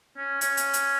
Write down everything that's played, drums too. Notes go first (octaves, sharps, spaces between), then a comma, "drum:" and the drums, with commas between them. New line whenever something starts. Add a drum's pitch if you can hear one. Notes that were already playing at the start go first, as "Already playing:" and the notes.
C#4
C#4, drum: hi-hat
drum: hi-hat
drum: hi-hat